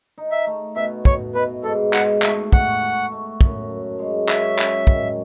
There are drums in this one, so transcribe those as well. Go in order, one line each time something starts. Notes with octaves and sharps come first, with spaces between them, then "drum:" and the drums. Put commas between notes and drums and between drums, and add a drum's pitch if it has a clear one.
D#4
E5
A3
B2 E5
B2 C#5, drum: kick
B2 B4
G#2 A4
G#2 F#5, drum: clap
A3 E5, drum: clap
F#4 F#5, drum: kick
F#4
A3
F#2, drum: kick
F#2
G#3
C#4 E5, drum: clap
C#4, drum: clap
D#3, drum: kick